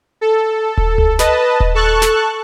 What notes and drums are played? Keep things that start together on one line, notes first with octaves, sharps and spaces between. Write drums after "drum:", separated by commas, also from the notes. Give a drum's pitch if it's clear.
A4
drum: kick D#1
drum: tom C#2
B4 D#5 A5, drum: snare
drum: kick D#1
A4 A5 C#6 F#6
drum: snare